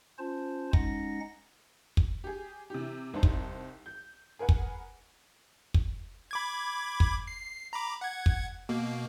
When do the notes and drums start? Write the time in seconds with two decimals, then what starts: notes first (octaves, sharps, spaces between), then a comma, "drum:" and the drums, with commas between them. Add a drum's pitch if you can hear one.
0.19 C#4 F4 C5 A5
0.73 G#3 C#4 D#4 F#5 A#6, drum: kick
1.97 drum: kick
2.24 G4 G#4
2.70 C3 E3 G4
3.14 C2 D#4 C5 A5
3.23 drum: kick
3.86 G6
4.39 G#4 A#4 B4 F#5 G#5
4.49 drum: kick
5.74 drum: kick
6.31 B5 D6 G#6
7.00 drum: kick
7.27 C7
7.73 A#5 B5 D6
8.01 F#5 G#6
8.26 drum: kick
8.69 B2 A#3